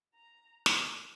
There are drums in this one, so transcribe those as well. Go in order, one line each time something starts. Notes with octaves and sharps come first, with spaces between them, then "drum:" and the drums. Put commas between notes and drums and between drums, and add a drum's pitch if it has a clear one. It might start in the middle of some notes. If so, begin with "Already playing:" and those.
A#5
F#6, drum: snare